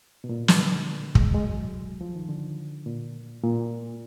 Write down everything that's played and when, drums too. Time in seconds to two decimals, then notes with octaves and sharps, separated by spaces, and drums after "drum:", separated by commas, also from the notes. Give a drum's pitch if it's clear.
0.24 B2
0.29 A#2
0.48 drum: snare
0.59 D3
1.15 G#3, drum: kick
1.35 G#3
1.43 F#3
2.01 F3
2.15 D#3
2.29 D3
2.86 A#2
3.43 A#2